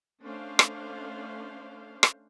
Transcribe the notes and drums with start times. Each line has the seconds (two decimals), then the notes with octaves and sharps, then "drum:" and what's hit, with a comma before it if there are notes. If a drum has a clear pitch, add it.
0.23 A3 C#4 D4 C5 F5
0.59 drum: rim click
2.03 drum: rim click